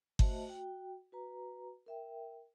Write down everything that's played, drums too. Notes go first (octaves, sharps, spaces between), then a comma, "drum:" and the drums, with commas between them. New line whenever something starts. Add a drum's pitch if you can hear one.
A3 F#4 C5 D#5 E5 A5, drum: kick G1
F#4 G5
F#4 B4 A#5
A#4 E5 G5